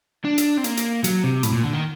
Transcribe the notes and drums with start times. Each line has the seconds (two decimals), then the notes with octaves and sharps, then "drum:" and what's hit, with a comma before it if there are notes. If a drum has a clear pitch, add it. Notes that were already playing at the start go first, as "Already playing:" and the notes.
0.25 D4
0.38 drum: hi-hat
0.58 C4
0.64 A#3, drum: hi-hat
0.77 drum: hi-hat
1.04 F#3, drum: hi-hat
1.23 C3
1.43 A2, drum: hi-hat
1.53 A#2
1.64 D3
1.73 D#3